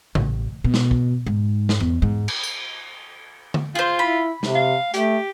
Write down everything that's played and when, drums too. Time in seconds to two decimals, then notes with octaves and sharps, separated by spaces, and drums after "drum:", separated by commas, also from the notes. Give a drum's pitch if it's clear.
0.15 A1, drum: tom C#3
0.64 B2
0.74 drum: snare
0.91 drum: kick
1.26 G#2
1.69 drum: snare
1.80 E2
2.02 G#2
2.28 drum: cymbal
2.43 drum: tambourine
3.54 drum: tom D3
3.75 F4 G#4 C5
3.99 E4 B5
4.43 C3, drum: snare
4.55 F5
4.94 A3 G4, drum: hi-hat